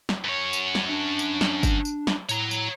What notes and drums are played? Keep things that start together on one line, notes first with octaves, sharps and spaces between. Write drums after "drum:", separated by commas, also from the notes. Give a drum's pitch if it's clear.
drum: snare
F#2 C#5
drum: tambourine
drum: snare
D4
drum: tambourine
drum: snare
drum: kick G1, tambourine
drum: tambourine
drum: snare
A2 C#5 A#5, drum: tambourine
drum: tambourine